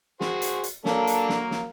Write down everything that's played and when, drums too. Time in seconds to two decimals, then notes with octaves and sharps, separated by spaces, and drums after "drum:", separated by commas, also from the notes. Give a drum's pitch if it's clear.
0.21 F#4 G#4 C5, drum: snare
0.42 drum: hi-hat
0.64 drum: hi-hat
0.85 F#3 A#3 D4 A4, drum: snare
1.07 drum: hi-hat
1.29 drum: snare
1.51 drum: snare